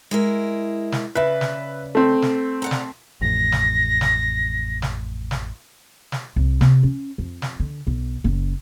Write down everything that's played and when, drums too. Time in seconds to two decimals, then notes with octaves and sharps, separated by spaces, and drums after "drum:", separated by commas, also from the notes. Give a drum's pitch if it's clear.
0.11 G#3 E4 A#4
0.92 drum: snare
1.15 C#3 B4 D5 E5
1.41 drum: snare
1.95 A3 C4
2.22 drum: snare
2.62 D5 F#5 A#5
2.71 drum: snare
3.21 A1 F2 A2 A#6
3.52 drum: snare
4.01 drum: snare
4.82 drum: snare
5.31 drum: snare
6.12 drum: snare
6.36 C2
6.61 C3, drum: snare
6.83 C#4
7.18 F2
7.42 drum: snare
7.60 D3
7.87 B1
8.24 F#1